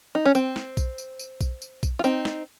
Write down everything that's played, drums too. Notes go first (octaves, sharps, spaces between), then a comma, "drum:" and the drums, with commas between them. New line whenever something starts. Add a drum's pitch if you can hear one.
D#4
C#4
C4, drum: tambourine
drum: snare
drum: kick B1, tambourine
drum: tambourine
drum: tambourine
drum: kick B1, tambourine
drum: tambourine
drum: kick B1, tambourine
F4
C4 D#4, drum: tambourine
drum: snare